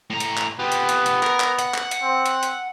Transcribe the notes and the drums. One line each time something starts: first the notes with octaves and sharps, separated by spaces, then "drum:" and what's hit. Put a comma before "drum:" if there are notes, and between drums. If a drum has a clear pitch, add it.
A2 A#5
drum: hi-hat
drum: clap
B3 F4 G4
drum: hi-hat
drum: hi-hat
drum: hi-hat
A#4, drum: clap
drum: clap
F#5, drum: hi-hat
drum: clap
drum: hi-hat
C4
drum: hi-hat
drum: hi-hat